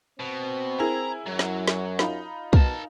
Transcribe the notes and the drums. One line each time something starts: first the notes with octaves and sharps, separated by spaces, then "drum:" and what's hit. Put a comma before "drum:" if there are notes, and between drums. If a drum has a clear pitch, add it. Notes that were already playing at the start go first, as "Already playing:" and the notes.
B2 C4
E4 G#4 A#4 A#5
F#2 F#3
drum: snare
drum: snare
D#4 F4 B5, drum: snare
B2 A#4 A5, drum: kick